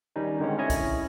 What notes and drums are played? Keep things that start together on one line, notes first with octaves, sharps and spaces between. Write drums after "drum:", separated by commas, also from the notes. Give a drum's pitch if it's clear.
D#3 G3 C#4 D#4
D3 D#3 G#3 C4 C#4
C#4 E4 C#5 D#5 G#5
drum: kick, hi-hat